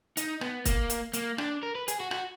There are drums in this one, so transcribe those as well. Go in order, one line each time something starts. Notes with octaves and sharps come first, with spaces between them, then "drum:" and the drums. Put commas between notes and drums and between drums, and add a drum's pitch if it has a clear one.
D#4, drum: hi-hat
B3, drum: rim click
A#3, drum: kick, hi-hat
drum: hi-hat
A#3, drum: hi-hat
D4, drum: rim click
A#4
B4
G#4, drum: hi-hat
F#4
F#4, drum: rim click